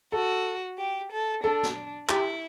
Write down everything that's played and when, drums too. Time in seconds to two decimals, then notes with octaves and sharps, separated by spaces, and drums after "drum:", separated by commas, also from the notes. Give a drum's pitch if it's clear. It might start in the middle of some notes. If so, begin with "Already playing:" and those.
0.12 F#4 A4
0.78 G4
1.11 A4
1.44 D4 A4
1.63 drum: snare
2.09 E4 G4, drum: clap